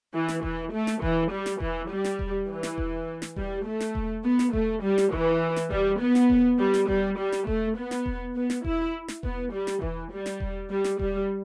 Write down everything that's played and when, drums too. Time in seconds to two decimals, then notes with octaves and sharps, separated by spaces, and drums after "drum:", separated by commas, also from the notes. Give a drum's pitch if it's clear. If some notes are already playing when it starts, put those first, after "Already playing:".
0.14 E3
0.28 drum: snare
0.43 E3, drum: kick E1
0.72 A3
0.87 drum: snare
1.02 E3, drum: kick E1
1.31 G3
1.46 drum: snare
1.60 E3, drum: kick E1
1.90 G3
2.04 drum: snare
2.19 drum: kick E1
2.49 E3
2.63 drum: snare
2.78 drum: kick E1
3.22 drum: snare
3.36 G3, drum: kick E1
3.66 A3
3.80 drum: snare
3.95 drum: kick E1
4.24 B3
4.39 drum: snare
4.53 A3, drum: kick E1
4.83 G3
4.98 drum: snare
5.12 E3, drum: kick E1
5.56 drum: snare
5.71 G3, drum: kick E1
6.01 B3
6.15 drum: snare
6.30 drum: kick E1
6.59 G3
6.74 drum: snare
6.88 G3, drum: kick E1
7.18 G3
7.32 drum: snare
7.47 A3, drum: kick E1
7.77 B3
7.91 drum: snare
8.06 drum: kick E1
8.35 B3
8.50 drum: snare
8.65 E4, drum: kick E1
9.08 drum: snare
9.23 B3, drum: kick E1
9.52 G3
9.67 drum: snare
9.82 E3, drum: kick E1
10.11 G3
10.26 drum: snare
10.40 drum: kick E1
10.70 G3
10.84 drum: snare
10.99 G3, drum: kick E1